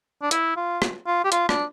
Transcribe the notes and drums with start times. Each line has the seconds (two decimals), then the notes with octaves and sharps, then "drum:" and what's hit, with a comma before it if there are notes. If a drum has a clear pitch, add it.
0.22 D4
0.31 E4, drum: hi-hat
0.56 F4
0.82 drum: rim click
1.07 F4
1.25 G4
1.32 F4, drum: hi-hat
1.49 D4, drum: rim click